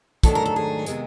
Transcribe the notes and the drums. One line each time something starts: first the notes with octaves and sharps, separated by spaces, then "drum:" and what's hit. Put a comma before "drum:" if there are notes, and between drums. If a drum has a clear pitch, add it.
G#2 D#3 F#3 A3 D4 A4, drum: kick, hi-hat
A#4
A4
G#4
C3 D#3 G#3 B3, drum: hi-hat